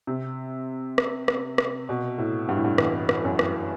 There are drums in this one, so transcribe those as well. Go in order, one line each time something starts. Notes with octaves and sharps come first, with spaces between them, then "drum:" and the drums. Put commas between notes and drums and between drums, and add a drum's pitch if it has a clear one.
C3
drum: rim click
drum: rim click
drum: rim click
B2
A2
G2
A2
G2
E2, drum: rim click
drum: rim click
F#2
drum: rim click